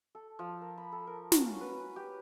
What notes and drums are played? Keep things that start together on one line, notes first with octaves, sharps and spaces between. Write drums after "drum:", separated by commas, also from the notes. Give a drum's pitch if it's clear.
A4
F3
A#4
B5
A4
A#4
F#4, drum: snare
C#4
B4
G4